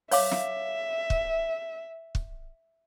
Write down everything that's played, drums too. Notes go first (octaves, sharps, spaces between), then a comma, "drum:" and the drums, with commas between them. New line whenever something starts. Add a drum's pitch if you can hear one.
C#5 E5 F5 D6, drum: open hi-hat
drum: snare
drum: kick
drum: kick